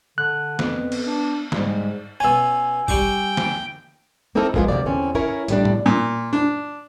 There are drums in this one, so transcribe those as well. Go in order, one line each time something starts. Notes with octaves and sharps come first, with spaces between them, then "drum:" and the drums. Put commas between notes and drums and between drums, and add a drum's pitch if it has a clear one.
D3 F#6
F2 B3, drum: snare
drum: cymbal
D4
G#2 G3, drum: snare
B2 C#4 G#5 E6
G3 G5 C#6 D6, drum: kick
drum: snare
A#3 C4 D#4 E4 A4 A#4
F3 G#3 A#3 B3 F4, drum: kick
D2 C3 F3 A#3 D5
E2 D3 C4 C#4
C#4 E4 A#4 C#5
A2 G3 D4, drum: hi-hat
drum: tom A2
A#2
D4